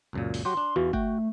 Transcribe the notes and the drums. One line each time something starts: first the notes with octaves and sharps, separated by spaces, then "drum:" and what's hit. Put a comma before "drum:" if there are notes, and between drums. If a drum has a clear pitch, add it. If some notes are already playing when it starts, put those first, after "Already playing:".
C#2 F#2 A#2
drum: open hi-hat
F#3 F#4 G4 C6
D4
E2 E3 F4 F#4
A3 F#4 G5, drum: kick F#1